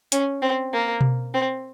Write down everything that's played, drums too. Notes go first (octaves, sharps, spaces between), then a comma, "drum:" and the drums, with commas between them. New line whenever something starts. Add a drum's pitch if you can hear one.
C#4, drum: hi-hat
C4
A#3
drum: tom B2
C4